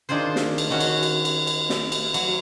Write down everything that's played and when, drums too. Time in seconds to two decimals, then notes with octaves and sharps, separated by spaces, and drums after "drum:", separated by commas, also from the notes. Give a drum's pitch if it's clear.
0.09 D#3 D4 F4 G#4 C5
0.36 drum: snare
0.58 drum: cymbal
0.70 D#3 C#4 F#4
0.80 drum: cymbal
1.03 drum: cymbal
1.25 drum: cymbal
1.47 drum: cymbal
1.70 drum: snare
1.92 drum: cymbal
2.14 F#3, drum: cymbal